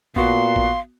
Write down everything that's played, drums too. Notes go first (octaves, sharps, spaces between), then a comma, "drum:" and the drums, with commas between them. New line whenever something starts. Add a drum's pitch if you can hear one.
A#2 B3 F#4 F5 C6, drum: kick A1
drum: kick A1